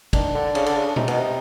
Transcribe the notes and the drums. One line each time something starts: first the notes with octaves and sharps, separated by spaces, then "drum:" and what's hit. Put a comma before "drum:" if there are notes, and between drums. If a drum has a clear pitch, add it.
D#3 D4, drum: kick, cymbal
D3
C#3, drum: cymbal
D3, drum: cymbal
C#3
C3 D#4, drum: tom
B2, drum: cymbal
C3